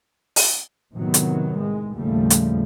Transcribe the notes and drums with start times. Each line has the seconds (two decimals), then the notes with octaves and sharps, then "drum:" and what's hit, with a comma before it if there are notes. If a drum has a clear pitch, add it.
0.36 drum: open hi-hat
0.94 A2 C3 D#3 F#3 B3
1.14 drum: hi-hat
1.59 G#3
1.94 D#2 A2 C#3 F3 G3 A3
2.30 drum: hi-hat